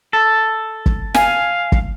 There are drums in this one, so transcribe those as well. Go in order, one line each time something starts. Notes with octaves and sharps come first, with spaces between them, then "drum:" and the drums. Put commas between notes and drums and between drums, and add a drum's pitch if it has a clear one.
A4
drum: kick
F5 G#5, drum: snare
drum: kick